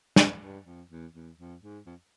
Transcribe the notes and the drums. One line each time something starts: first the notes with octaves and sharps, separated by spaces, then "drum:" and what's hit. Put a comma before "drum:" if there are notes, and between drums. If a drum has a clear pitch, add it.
F2, drum: snare
G2
F2
E2
E2
F2
G#2
F2